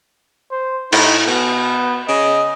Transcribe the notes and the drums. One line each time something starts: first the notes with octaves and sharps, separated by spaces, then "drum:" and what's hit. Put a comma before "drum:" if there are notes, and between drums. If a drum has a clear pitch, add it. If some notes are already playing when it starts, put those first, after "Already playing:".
C5
A2 D#4, drum: cymbal
B2 B3
C#3 D#5